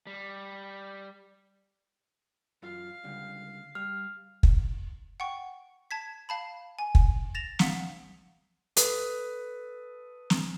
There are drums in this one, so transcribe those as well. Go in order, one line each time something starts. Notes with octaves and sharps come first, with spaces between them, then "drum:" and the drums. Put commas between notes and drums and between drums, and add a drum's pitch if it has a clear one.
G3
F#2 F4 F5
C#2 D3 G3
G3 F6
drum: kick
F#5 G5 C#6
A5 G#6 B6
F5 A5 B5
G#5
drum: kick
A6 A#6 E7 F7
F5 F#5 B6 C#7, drum: snare
A4 B4 D#6, drum: hi-hat
drum: snare